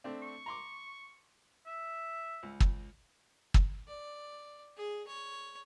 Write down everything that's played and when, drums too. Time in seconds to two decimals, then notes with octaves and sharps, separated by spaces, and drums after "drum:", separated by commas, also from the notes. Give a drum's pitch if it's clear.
0.04 A3 C4 D4
0.22 C#6
0.46 A#5 C6 D6
1.67 E5
2.43 C#2
2.60 drum: kick
3.54 drum: kick
3.88 D5
4.77 G#4
5.07 C#5